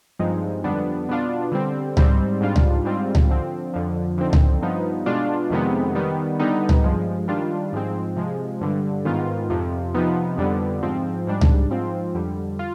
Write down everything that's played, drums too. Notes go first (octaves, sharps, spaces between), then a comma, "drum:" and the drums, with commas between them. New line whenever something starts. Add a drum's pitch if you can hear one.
G2 F3 G#3 C4 D#4
F2 D3 G3 B3 D4
B2 B3 D4 F4
D3 G3 C4
G#2 G3 C4, drum: tom C#2
G#2 G3 D4 F4
drum: tom C#2
G#2 G3 C4 F4
drum: tom C#2
D3 F3 C4
F2 D3 F3
D3 F3 C4 D#4
drum: tom C#2
G2 F3 B3 D#4
B2 G#3 D4 F4
F2 C3 D#3 G#3 B3
D#3 G3 B3
D3 G3 B3 D#4
drum: tom C#2
G2 F3 G#3
D#3 G3 D4 F4
G#2 F3 G#3 C4
C3 F3 G#3
G2 D3 G3
G#2 D#3 B3 F4
F2 C3 F3
C3 F3 B3 D#4
F2 D3 G3 B3
G#2 F3 C4
G#2 G3 D4
drum: tom C#2
G#2 F3 C4 F4
F2 D3 G3
F4